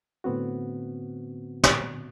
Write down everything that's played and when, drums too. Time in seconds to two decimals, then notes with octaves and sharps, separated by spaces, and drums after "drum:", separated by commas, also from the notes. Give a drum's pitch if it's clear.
0.24 A2 D3 B3 C4 F#4
1.64 drum: snare